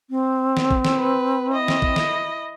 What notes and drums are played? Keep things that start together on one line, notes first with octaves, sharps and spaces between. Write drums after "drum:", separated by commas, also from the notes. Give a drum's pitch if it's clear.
C4
drum: snare
drum: kick A1
drum: snare
B4
E4 D#5
drum: snare
drum: kick A1
drum: snare